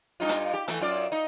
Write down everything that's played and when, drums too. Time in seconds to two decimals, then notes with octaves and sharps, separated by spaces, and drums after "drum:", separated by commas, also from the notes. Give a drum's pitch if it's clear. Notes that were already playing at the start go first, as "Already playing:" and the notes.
0.20 G2 D#4 F4
0.29 drum: hi-hat
0.53 G4
0.68 E3 A3, drum: hi-hat
0.80 F#2 F4 D5
1.12 D#4